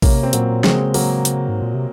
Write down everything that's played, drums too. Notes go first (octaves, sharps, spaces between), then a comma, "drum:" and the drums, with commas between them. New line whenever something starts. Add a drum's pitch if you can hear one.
C3 A#3 C#4, drum: kick A1, open hi-hat
C4
A#2 F#3 A#3, drum: hi-hat
C#3 G#3 C4, drum: snare
F#3 A#3, drum: open hi-hat
drum: hi-hat
G#2
A#2
C3